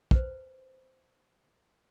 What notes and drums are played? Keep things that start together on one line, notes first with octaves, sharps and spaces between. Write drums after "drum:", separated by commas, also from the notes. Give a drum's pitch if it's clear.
B4 C5, drum: kick